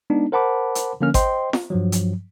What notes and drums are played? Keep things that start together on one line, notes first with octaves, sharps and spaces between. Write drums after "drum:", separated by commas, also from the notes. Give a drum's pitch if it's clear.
G#3 B3 D4 D#4
A#4 C5 F#5 A5 B5 D6
drum: hi-hat
D3 F3 A#3 C#4 F6
C5 D#5 G5 C6, drum: kick G#1, hi-hat
drum: snare
G2 F3 F#3
drum: hi-hat